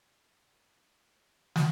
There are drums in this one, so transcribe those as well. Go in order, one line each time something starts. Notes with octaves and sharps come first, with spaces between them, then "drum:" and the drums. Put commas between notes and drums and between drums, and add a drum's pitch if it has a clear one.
B2 D3 D#3 F#3 A#3 C#4
A2 C#4
drum: snare